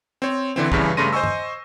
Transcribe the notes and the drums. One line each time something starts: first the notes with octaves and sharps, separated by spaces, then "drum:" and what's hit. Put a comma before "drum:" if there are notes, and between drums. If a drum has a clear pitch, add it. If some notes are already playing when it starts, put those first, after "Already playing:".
C4 C#5
D3 E3 C4
E2 G2 C#3 E3, drum: kick
G2 C#3 A3 C6 A#6 D#7
C5 D#5 G#5 C#6 E6
drum: tom